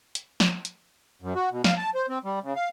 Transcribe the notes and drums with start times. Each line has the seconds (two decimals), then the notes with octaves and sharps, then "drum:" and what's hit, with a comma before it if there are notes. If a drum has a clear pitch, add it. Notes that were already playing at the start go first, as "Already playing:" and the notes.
0.15 drum: hi-hat
0.40 drum: snare
0.65 drum: hi-hat
1.22 F#2
1.35 F#4
1.52 B2
1.64 F5, drum: snare
1.78 A5
1.95 C5
2.09 C4
2.25 G3
2.43 C#3
2.56 F5